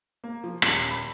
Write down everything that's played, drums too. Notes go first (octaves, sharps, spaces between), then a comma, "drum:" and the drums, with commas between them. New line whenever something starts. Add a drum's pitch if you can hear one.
A#3
F3
D#1, drum: rim click
B5